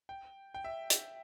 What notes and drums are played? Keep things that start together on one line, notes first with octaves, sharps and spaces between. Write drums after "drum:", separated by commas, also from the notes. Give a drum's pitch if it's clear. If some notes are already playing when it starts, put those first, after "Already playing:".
G5
G5
E5
drum: hi-hat